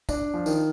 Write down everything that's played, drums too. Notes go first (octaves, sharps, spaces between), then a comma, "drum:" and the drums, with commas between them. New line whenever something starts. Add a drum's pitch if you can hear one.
D4, drum: kick A1, tambourine
F3
D#3, drum: tambourine